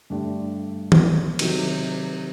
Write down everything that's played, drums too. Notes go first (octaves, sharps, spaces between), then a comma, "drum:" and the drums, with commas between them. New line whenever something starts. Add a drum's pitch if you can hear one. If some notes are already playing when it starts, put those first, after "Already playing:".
G2 D3 A3 D4 G4
drum: tom
C3 D#3 F#3, drum: cymbal